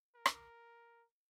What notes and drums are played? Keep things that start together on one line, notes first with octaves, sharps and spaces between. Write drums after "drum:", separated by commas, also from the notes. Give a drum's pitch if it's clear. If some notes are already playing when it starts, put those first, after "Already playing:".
A#4
drum: rim click